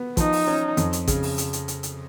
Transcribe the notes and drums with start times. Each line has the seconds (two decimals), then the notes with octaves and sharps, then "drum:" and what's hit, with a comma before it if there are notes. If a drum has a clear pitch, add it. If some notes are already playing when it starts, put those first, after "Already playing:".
Already playing: B3
0.17 F3 D#4, drum: kick A1, hi-hat
0.33 drum: open hi-hat
0.47 C#4
0.77 F2, drum: hi-hat
0.93 drum: hi-hat
1.08 C#3, drum: kick A1, hi-hat
1.23 drum: open hi-hat
1.38 drum: hi-hat
1.53 drum: hi-hat
1.68 drum: hi-hat
1.83 drum: hi-hat